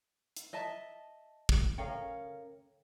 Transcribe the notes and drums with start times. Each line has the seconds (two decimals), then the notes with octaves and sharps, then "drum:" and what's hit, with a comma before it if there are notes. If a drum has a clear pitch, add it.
0.36 drum: hi-hat
0.53 D#5 E5 A5
1.49 drum: kick
1.78 C#4 A4 A#4 F5 G5